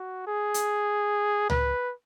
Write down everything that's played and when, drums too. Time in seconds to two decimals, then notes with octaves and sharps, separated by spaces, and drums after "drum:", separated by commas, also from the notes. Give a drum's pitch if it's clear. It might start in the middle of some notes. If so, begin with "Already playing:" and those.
Already playing: F#4
0.27 G#4
0.54 drum: hi-hat
1.50 B4, drum: tom C#2